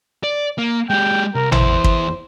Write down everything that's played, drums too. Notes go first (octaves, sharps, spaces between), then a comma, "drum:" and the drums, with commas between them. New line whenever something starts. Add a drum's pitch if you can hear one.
D5
A#3
G#3 G4 G5
C2 A#4
E2 E4 C5, drum: tom A1
drum: kick